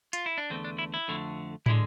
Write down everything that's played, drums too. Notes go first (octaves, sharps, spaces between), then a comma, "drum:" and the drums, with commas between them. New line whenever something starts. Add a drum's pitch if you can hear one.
F4, drum: hi-hat
E4
D4
E2 D3 A3 C4
D4
E4
E4
F2 D3 A3
D3 G#3 E4, drum: tom